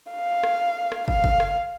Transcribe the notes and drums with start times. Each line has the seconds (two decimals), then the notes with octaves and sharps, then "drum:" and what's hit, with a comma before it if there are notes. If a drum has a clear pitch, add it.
0.12 F5
0.43 drum: rim click
0.92 drum: rim click
1.08 F5, drum: kick
1.24 drum: kick
1.40 drum: rim click